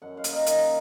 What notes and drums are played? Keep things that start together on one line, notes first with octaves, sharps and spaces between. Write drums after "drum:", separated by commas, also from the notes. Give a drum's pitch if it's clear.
F#2 F#5
F5
A#3, drum: hi-hat
D#5
D#3, drum: hi-hat